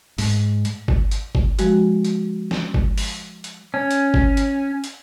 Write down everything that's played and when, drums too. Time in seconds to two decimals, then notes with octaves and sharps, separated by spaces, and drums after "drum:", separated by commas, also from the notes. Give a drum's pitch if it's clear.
0.18 G#2, drum: open hi-hat
0.65 drum: hi-hat
0.88 drum: kick G1
1.11 drum: hi-hat
1.35 drum: kick G1
1.59 F3 G#3 F#4, drum: hi-hat
2.05 drum: hi-hat
2.51 drum: snare
2.74 drum: kick G1
2.98 drum: open hi-hat
3.44 drum: hi-hat
3.74 C#4
3.91 drum: hi-hat
4.14 drum: kick G1
4.37 drum: hi-hat
4.84 drum: hi-hat